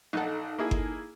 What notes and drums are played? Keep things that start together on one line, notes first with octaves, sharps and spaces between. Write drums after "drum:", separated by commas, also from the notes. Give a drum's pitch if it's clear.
A#1 D#4 A4 F#5
A#3 E4 G#4
drum: kick G1